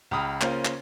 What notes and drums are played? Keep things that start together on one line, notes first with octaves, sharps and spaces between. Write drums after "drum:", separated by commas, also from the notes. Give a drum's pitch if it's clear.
C#2 G5 A#5 B5 D#6 F6
C#3 A#3 C#4 F4 C5, drum: clap
drum: clap